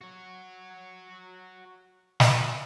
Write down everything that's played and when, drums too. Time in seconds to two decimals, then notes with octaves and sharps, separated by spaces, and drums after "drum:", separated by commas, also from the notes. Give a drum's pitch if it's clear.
0.01 F#4 C#5
2.20 drum: snare